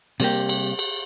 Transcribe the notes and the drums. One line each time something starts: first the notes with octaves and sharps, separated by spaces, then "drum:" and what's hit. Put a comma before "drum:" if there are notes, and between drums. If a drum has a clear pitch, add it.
C3 G3 A#3 G4, drum: cymbal
drum: cymbal
drum: cymbal